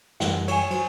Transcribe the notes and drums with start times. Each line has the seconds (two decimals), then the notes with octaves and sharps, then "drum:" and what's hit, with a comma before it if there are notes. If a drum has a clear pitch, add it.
0.20 F#2 E3 G3 F#5, drum: snare
0.48 C#5 G#5, drum: cymbal
0.71 F#3 C5, drum: cymbal